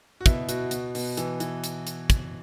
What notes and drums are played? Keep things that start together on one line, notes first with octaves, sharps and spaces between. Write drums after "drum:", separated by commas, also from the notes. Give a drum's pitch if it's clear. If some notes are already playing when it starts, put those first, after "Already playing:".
F#4
B2 E4, drum: kick, hi-hat
B2 F#4, drum: hi-hat
B2, drum: hi-hat
B2, drum: open hi-hat
E3, drum: hi-hat
E3, drum: hi-hat
drum: hi-hat
drum: hi-hat
drum: kick, hi-hat